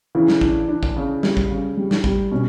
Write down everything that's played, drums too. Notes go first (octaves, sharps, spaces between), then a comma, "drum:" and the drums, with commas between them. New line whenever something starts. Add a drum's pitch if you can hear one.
C#3 E3
drum: snare
D4, drum: kick
D4
drum: kick
C#3
G3, drum: snare
drum: kick
C#3
G3
drum: snare
G3, drum: kick
B2 C#4